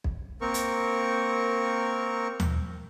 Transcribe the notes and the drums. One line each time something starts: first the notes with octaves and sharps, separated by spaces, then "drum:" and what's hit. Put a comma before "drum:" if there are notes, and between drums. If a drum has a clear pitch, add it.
drum: kick B1
A#3 C4 A#4 C#6
drum: hi-hat
drum: tom D#2